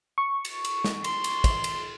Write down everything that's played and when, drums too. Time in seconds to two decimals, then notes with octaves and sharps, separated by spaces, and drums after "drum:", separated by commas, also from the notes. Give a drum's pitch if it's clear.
0.18 C#6
0.45 drum: cymbal
0.65 drum: cymbal
0.84 drum: snare
1.04 C6, drum: cymbal
1.24 drum: cymbal
1.44 drum: kick, cymbal
1.64 drum: cymbal